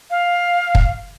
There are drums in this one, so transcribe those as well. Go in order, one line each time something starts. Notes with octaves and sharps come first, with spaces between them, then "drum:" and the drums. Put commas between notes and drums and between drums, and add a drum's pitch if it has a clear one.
F5
drum: kick